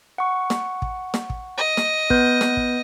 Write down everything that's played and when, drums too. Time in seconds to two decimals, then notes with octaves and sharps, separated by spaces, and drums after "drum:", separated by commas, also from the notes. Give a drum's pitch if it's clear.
0.18 F#5 C#6
0.50 drum: snare
0.82 drum: kick
1.14 drum: snare
1.30 drum: kick
1.58 D#5
1.77 drum: snare
2.10 B3 B4 G6, drum: kick
2.41 drum: snare
2.57 drum: kick